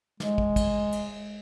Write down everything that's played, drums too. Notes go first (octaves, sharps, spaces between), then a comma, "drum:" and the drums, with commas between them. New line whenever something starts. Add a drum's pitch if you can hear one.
G#3, drum: snare
drum: kick
drum: kick, cymbal
drum: cymbal